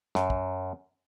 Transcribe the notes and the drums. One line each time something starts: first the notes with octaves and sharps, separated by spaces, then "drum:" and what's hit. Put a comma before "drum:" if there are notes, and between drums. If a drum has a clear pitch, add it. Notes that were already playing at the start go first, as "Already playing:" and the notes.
F#2, drum: snare
drum: kick